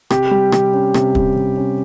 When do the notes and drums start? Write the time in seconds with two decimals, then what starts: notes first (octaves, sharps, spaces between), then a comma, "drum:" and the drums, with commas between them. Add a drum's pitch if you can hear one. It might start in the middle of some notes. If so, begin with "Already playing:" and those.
0.10 C3 G4, drum: rim click
0.31 G3
0.52 C3, drum: rim click
0.73 C#4
0.94 C3, drum: rim click
1.15 G3, drum: kick
1.36 C3
1.57 C#4